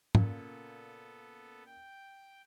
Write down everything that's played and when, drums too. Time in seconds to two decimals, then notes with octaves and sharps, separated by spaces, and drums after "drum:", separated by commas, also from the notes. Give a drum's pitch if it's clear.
0.15 A#2 C#3 B3 A4, drum: tom
1.66 G5